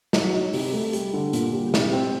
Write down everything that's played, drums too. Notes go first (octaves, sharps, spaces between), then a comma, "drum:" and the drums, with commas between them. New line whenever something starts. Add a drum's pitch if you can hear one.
F#3, drum: snare
D#4
C3, drum: open hi-hat
A3
G3, drum: hi-hat
D3
A#2, drum: hi-hat
G3
C3, drum: snare
C4